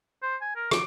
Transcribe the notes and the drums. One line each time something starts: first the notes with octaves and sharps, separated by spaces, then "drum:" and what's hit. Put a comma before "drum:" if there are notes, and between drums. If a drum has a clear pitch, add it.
C5
G#5
A#4
D6, drum: rim click